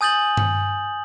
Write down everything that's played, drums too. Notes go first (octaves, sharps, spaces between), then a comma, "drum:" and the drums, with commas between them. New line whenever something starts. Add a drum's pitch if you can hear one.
G#5 D#6 G6 A6 F#7
drum: tom G2